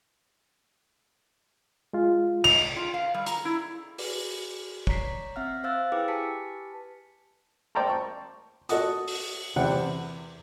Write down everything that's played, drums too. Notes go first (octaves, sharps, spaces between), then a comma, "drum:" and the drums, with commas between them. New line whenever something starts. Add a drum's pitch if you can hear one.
G#3 F4
F7, drum: cymbal
F4
F5
G3
A#5, drum: hi-hat
E4
F#4 G#4 B4 D5, drum: open hi-hat
C#5 D5 A#5 B6 C7, drum: kick
C4 E5 F#5 F6
C5 F5 E6 F#6 A6
E4 G#4 B4 G5 D6 E6
G4 B4 G#5 A5 B6 C#7
C5 D5 G5 A5 A#5 C6
C#6
F#4 A4 D#5 F#5 D#6, drum: hi-hat
drum: open hi-hat
E2 C3 C5 F#5 G5